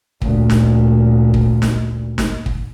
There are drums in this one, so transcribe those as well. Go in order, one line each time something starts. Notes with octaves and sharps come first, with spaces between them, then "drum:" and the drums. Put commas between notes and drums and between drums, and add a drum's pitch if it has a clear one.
D2 A#2, drum: kick
drum: snare
drum: kick
drum: snare
drum: snare
drum: kick